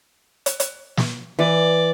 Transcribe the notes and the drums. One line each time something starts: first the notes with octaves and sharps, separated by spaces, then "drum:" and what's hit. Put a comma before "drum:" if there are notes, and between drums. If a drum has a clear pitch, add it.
drum: hi-hat
drum: hi-hat
drum: snare
E3 D5